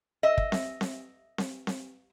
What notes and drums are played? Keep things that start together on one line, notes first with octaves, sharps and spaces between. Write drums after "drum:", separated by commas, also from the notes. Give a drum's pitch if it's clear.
D#5 E5
drum: kick
drum: snare C4
drum: snare C4
drum: snare C4
drum: snare C4